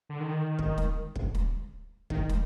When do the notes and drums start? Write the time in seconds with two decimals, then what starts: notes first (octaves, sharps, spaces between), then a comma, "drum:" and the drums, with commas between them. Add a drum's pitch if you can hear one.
0.09 D3
0.20 D#3
0.59 drum: kick
0.78 drum: snare
1.16 drum: kick
1.35 drum: snare
2.10 D#3, drum: kick
2.29 drum: snare